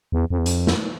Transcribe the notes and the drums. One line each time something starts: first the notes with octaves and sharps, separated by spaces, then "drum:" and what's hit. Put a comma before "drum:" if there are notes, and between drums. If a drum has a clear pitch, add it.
E2
F2
E2
F2, drum: hi-hat
drum: snare